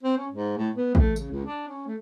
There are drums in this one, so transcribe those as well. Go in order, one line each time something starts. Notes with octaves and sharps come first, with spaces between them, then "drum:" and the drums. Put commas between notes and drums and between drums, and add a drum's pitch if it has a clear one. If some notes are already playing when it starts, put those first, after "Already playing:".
C4
C#4
G#2
A2
B3
A3, drum: kick
C#3, drum: tambourine
C#2
D4
C#4
A3